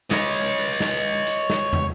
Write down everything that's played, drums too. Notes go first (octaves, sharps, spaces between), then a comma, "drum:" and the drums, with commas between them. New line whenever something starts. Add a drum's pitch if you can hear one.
C#5 D#5, drum: snare
drum: hi-hat
drum: snare
drum: hi-hat
drum: snare
drum: tom